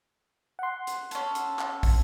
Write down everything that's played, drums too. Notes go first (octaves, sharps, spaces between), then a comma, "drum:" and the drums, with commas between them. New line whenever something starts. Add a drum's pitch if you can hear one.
F#5 C6
drum: hi-hat
C#4 A4, drum: hi-hat
drum: hi-hat
drum: clap
drum: kick, open hi-hat